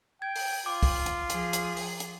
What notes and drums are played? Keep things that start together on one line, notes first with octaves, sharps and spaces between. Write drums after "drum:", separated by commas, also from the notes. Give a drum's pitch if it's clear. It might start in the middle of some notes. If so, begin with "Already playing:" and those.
G5 G#6
drum: open hi-hat
F4 D6
drum: kick, open hi-hat
drum: hi-hat
F3 G#4, drum: hi-hat
drum: hi-hat
drum: open hi-hat
drum: hi-hat